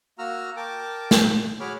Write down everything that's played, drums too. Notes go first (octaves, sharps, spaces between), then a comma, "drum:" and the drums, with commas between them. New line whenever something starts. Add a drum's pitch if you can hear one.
A#3 F#4 A#5 E6 F6
A#4 G5 A5 D6
drum: snare
F#4 G#4 C#5 B5 D6 F6